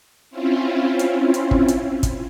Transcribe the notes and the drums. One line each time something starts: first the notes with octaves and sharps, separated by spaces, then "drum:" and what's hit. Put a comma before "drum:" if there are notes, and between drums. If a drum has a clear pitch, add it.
C4 C#4 E4 F4
drum: hi-hat
drum: hi-hat
drum: kick
drum: hi-hat
drum: kick, hi-hat